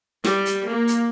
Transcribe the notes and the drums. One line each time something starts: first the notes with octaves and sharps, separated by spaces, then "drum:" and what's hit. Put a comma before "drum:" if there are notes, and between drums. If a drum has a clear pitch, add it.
G3, drum: snare
drum: hi-hat
A#3
drum: hi-hat